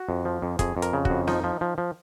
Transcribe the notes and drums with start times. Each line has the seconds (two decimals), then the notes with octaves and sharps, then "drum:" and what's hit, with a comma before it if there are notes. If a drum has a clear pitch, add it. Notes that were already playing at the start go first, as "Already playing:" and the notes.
Already playing: F#4
0.09 F2
0.25 F3
0.42 F2
0.59 F2 G#4, drum: kick, hi-hat
0.77 F2
0.82 A#4, drum: hi-hat
0.93 C#3
1.05 F#4, drum: kick
1.10 F2
1.27 F3 D#4, drum: snare
1.44 F3
1.61 F3
1.78 F3